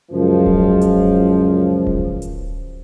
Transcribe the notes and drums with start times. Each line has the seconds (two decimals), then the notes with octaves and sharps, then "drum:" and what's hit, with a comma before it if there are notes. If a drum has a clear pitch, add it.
0.11 C#2 F#2 F3
0.46 drum: kick D1
0.81 drum: hi-hat
1.87 drum: kick D1
2.22 drum: hi-hat